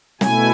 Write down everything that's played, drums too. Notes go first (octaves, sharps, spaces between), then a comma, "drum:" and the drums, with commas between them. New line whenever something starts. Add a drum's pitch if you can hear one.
B2 A3 E4 G#5, drum: snare